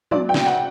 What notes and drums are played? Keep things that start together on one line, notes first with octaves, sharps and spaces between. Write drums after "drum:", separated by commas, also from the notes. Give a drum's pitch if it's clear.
F#3 D5, drum: tom
G5
C#3, drum: snare
F#5